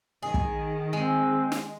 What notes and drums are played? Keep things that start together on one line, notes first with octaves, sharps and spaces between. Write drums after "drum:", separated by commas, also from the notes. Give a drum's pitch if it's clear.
D#3 G#4
drum: kick
G#3 C4
drum: snare